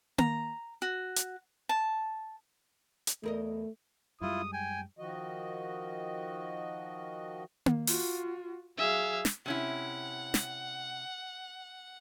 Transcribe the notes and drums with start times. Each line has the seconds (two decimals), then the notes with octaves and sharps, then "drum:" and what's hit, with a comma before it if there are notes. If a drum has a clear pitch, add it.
0.18 A#5, drum: tom A#3
0.82 F#4
1.16 drum: hi-hat
1.69 A5
3.07 drum: hi-hat
3.23 E2 A3 A#4 D#5
4.21 F#2 G3 G#3 E4 F4 D#6
4.53 G5 G#5
4.98 D#3 F3 F#4 D#5
7.66 drum: tom A#3
7.87 F4 F#4, drum: open hi-hat
8.78 F#3 G#4 E5 F5
9.25 drum: snare
9.46 C3 C#4 E4 F#5
10.34 drum: snare